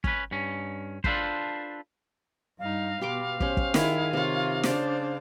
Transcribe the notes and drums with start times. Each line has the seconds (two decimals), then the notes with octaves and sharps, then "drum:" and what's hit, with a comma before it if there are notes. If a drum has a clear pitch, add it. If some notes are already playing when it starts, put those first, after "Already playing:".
0.04 C#4 B4, drum: kick
0.31 G2 C#4
1.04 D4 F4 A4 B4 C5, drum: kick
2.59 G2 D#4 F5
3.01 B2 B3 G4 C6 D6
3.40 C#4 G4 C5, drum: kick
3.57 drum: kick
3.74 D#3 E4 G#4 C6, drum: snare
4.13 C3 F4 C#5
4.63 C#3 D4 C5 D5 C6, drum: snare